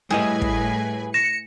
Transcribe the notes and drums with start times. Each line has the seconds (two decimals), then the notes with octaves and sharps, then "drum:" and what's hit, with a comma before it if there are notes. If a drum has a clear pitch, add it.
0.11 A2 G3 E4 G#4 B4 D#5 G#5
0.42 drum: kick
1.14 A#6 C#7 E7